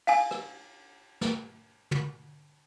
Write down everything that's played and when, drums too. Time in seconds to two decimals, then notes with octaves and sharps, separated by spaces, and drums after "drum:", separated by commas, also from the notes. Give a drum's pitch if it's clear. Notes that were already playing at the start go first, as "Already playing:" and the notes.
0.07 F5 G#5, drum: cymbal
0.31 drum: rim click
1.21 drum: snare
1.91 drum: tom